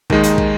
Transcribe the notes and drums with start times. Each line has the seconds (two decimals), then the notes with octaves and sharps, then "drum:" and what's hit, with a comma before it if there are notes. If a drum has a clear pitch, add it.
0.10 D#2 D#3 G#3 D#4, drum: kick
0.24 drum: hi-hat
0.38 drum: kick